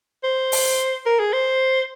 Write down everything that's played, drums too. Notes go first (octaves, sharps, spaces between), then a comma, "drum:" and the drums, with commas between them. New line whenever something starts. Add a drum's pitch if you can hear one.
C5
drum: open hi-hat
A#4
G#4
C5